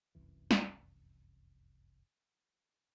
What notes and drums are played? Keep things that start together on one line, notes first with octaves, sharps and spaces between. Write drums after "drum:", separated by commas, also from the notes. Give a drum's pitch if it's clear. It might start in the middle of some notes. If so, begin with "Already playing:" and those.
F1 C2 F#2 E3
drum: snare